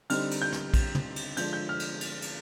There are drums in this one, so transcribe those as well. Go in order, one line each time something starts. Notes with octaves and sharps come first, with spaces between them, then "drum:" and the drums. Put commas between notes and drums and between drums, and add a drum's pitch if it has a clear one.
D3 G3 C4 D#4 F6, drum: cymbal
drum: cymbal
G6
drum: snare
drum: kick A#1, cymbal
drum: tom
drum: cymbal
D3 F3 G#3 D4 G6, drum: cymbal
G6
F6
drum: cymbal
drum: cymbal
drum: cymbal